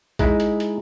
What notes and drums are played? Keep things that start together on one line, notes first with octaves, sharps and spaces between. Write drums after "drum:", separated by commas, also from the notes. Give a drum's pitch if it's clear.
G#3 D#4 E4, drum: kick, hi-hat
drum: hi-hat
drum: hi-hat